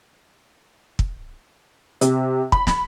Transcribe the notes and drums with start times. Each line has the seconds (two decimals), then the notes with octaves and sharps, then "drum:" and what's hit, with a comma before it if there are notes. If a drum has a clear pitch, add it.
0.99 drum: kick
2.01 C3, drum: hi-hat
2.52 B5, drum: kick
2.67 drum: snare